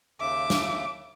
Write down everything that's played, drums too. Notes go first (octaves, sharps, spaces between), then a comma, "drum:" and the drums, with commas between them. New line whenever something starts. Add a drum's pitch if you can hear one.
D#2 C#3 E5 D6
drum: snare